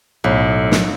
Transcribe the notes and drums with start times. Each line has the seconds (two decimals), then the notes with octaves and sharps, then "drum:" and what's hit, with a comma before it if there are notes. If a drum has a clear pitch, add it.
0.24 B1 A2
0.71 drum: snare